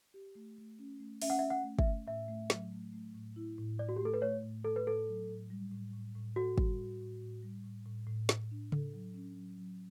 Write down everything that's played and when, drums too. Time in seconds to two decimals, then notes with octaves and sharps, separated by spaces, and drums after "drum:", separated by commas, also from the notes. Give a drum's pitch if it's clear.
0.14 G4
0.35 A3
0.58 A3
0.79 C#4
1.00 A3
1.22 C#4 E5, drum: open hi-hat
1.30 F#5
1.39 E5
1.43 C#4
1.50 F#5
1.64 A3
1.79 E5, drum: kick
1.87 A3
2.07 A2 E5
2.29 A3
2.50 F#3, drum: snare
2.72 A3
2.93 A3
3.14 A2
3.36 E4
3.58 A2
3.79 A2 D5
3.89 F#4
3.96 G4
4.01 A3 A4
4.14 B4
4.21 A3 C#5
4.43 A2
4.65 A3 A4
4.76 B4
4.86 A2 A4
5.08 F#3
5.28 A2
5.50 G3
5.72 A2
5.93 A2
6.15 A2
6.36 F#4 A4
6.58 G3, drum: kick
6.79 A2
7.01 A2
7.23 A2
7.43 G3
7.64 A2
7.86 A2
8.07 A2
8.29 A2, drum: snare
8.51 D4
8.72 A4, drum: tom C#3
8.94 F#3
9.14 C#4
9.37 F#3
9.58 F#3